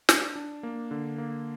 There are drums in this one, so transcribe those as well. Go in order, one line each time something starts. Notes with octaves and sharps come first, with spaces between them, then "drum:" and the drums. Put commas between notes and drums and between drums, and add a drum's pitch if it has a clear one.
D4, drum: snare
D4
A#3
D3
A#3